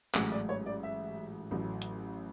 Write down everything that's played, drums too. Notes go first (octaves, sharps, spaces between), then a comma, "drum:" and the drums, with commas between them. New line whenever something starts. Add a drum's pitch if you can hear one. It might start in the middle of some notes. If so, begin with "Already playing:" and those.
A1 G#2 F#3 A3 F#5, drum: clap
D5
C#5
D5
E5
A1 A2 F#3 A3
drum: hi-hat